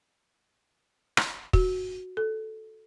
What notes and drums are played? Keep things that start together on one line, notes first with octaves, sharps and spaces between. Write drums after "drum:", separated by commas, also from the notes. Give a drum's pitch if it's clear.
drum: rim click
F#4, drum: kick
A4